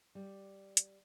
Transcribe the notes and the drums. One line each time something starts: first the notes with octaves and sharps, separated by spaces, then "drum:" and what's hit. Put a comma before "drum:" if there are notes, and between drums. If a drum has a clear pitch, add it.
G3
drum: hi-hat